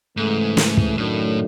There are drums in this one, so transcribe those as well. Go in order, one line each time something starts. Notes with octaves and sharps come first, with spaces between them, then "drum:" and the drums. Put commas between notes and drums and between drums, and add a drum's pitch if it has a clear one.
G#2 C#3 E3 A3
drum: snare
drum: kick
F#2 A2 D#3 F#3 A3 D4